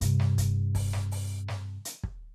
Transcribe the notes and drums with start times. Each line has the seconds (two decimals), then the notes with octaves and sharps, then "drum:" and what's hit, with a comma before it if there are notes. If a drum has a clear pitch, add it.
0.01 G2 C3, drum: hi-hat
0.20 drum: snare
0.38 drum: kick, hi-hat
0.75 drum: kick, open hi-hat
0.93 drum: snare
1.11 drum: open hi-hat
1.48 drum: snare
1.85 drum: hi-hat
2.03 drum: kick